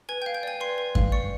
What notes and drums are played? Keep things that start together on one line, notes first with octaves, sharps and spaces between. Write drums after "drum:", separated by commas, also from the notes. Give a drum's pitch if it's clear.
B4 G#5 G#6
G5 G6
F5
G5 G6
D5 G#5 G#6
B4 C6 C7
B4
F5, drum: kick F#2
D5 C#6 C#7